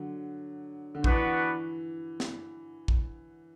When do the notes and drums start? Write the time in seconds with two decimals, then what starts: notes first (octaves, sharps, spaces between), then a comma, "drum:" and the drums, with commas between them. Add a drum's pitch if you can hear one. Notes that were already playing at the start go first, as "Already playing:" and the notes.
Already playing: D3 F#3
0.95 D3
1.04 E3 B3 D4 F#4 B4, drum: kick
2.20 drum: snare
2.88 drum: kick